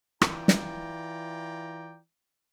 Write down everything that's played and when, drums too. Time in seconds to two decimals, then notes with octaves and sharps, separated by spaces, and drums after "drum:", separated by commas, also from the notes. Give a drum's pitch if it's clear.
0.22 E3 F4 D5 G5 A#5, drum: rim click
0.48 drum: snare